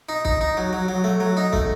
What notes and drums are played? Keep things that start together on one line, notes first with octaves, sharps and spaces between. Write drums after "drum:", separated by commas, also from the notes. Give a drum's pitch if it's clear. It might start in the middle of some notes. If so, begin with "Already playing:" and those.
D#4
D#4, drum: kick
D#4
F#3
F#3
F#3
A3
F#3
D#4
A3, drum: kick